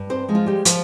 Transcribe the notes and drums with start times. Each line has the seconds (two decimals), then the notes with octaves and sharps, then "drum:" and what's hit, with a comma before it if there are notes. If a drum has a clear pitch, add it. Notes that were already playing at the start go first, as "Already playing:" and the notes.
Already playing: G2
0.10 C4 C5
0.28 F3 G#3
0.35 F4
0.46 G3 G4
0.65 F3 F4, drum: hi-hat